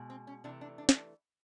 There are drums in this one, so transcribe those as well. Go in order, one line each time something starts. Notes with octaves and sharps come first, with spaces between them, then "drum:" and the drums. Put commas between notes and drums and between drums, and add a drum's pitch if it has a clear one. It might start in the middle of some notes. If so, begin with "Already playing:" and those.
Already playing: B2 G#3
C4
C#4
C3 E3 A3 D4
D4
D4
C#4, drum: snare
D4